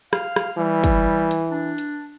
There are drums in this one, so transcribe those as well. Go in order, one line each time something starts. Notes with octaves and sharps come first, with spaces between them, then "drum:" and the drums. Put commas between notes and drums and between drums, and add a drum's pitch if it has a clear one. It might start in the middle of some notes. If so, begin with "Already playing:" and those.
F5, drum: rim click
drum: rim click
E3 G3
drum: kick, hi-hat
drum: hi-hat
D4
drum: hi-hat